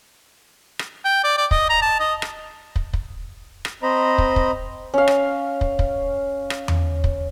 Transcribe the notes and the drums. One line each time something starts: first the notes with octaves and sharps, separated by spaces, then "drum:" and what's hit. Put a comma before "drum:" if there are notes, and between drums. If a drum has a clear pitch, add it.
drum: rim click
G5
D5
D5
D#5, drum: kick
A#5
A5
D#5
drum: rim click
drum: kick
drum: kick
drum: rim click
C4 C5 D#5 A#5 B5
drum: kick
drum: kick
C#4 F5
drum: rim click
drum: kick
drum: kick
drum: rim click
drum: tom E2
drum: kick